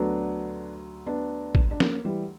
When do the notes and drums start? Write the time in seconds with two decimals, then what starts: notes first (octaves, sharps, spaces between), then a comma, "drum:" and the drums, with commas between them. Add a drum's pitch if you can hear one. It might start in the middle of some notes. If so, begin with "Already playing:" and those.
Already playing: D2 D3 F#3 B3 D4
1.06 B3 D4
1.55 drum: kick A1
1.71 D4
1.80 A#3 C#4, drum: snare
2.05 E3 G3